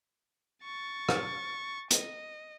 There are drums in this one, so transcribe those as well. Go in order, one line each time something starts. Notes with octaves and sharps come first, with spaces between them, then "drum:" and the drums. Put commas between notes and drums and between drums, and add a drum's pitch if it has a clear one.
C#6 A6
drum: rim click
D#5, drum: hi-hat